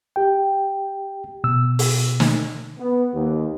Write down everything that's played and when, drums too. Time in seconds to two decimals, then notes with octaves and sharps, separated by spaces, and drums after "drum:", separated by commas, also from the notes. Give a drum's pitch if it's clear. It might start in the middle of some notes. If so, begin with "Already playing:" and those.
0.16 G4 G5
1.44 B2 E6
1.79 drum: open hi-hat
2.20 drum: snare
2.79 B3
3.14 D#2